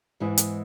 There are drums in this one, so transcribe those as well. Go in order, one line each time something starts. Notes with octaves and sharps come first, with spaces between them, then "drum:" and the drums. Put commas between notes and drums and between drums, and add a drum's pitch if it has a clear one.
G#2 E3 G#3 B3 E4
drum: hi-hat